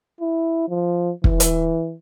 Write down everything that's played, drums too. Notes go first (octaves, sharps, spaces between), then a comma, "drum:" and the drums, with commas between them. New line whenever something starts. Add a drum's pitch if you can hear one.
E4
F3
E3, drum: kick
drum: hi-hat